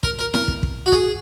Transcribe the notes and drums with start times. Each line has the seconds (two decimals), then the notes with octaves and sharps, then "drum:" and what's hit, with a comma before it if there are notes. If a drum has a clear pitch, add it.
0.03 A#4, drum: kick
0.19 A#4
0.34 A#4, drum: snare E4
0.48 drum: kick
0.63 drum: kick
0.86 F#4
0.92 G#4, drum: kick